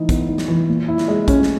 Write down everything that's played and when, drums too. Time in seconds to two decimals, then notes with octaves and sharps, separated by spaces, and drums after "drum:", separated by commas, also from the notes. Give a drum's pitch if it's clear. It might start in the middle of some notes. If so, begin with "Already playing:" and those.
Already playing: E3 D#4
0.09 B3, drum: kick, hi-hat
0.28 D#4
0.38 drum: snare
0.48 E3
0.69 A#2
0.88 E4
0.98 drum: snare
1.08 G#3
1.28 C#4, drum: kick, hi-hat
1.43 drum: snare